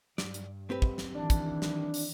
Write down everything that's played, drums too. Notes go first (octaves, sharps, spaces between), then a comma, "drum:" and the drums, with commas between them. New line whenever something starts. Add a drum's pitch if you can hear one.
G2 D5, drum: snare
drum: hi-hat
C4 G4 B4
drum: kick
drum: snare
D#3 E3 D4
drum: kick, hi-hat
drum: snare
drum: open hi-hat